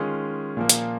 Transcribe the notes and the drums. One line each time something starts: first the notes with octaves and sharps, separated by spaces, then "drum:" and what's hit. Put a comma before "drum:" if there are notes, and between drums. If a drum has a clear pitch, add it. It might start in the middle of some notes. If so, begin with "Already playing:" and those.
Already playing: D#3 G#3 C#4 F4 G#4
A#2 F3 A#3
drum: hi-hat